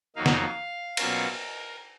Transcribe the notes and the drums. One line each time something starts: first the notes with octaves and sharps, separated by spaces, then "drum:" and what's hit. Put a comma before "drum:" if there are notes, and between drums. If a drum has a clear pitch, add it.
F2 D#3 F#3 A#3 D#4 F5
drum: snare
B2 F#3 A#3 C#4 F4 A#4, drum: cymbal